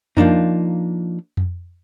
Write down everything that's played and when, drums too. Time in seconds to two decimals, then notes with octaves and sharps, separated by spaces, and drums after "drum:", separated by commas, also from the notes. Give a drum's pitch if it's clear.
0.17 F3 A#3 D4 D#4, drum: tom F2
1.37 drum: tom F2